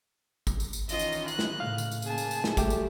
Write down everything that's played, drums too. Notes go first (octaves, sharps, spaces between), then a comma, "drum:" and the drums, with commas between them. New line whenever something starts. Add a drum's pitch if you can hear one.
drum: kick, tambourine
drum: tambourine
drum: tambourine
D#3 E3 C#4 F4 D#5, drum: tambourine
drum: tambourine
drum: tambourine
F#6, drum: tambourine
drum: snare
A2 C#3 F5
drum: tambourine
drum: tambourine
C#3 A#3 G#4 A5, drum: tambourine
drum: tambourine
drum: tambourine
drum: snare
F#3 G3 A3 G4, drum: kick, tambourine
drum: tambourine